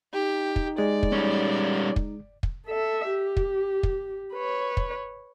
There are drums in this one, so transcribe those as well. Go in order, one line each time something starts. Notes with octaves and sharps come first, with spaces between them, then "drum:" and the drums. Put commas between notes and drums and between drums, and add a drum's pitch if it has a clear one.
D#4 G4
drum: kick
G#3 D5
drum: kick
G3 C#4
drum: kick
drum: kick
A4 E5
G4
drum: kick
drum: kick
B4 C#5
drum: kick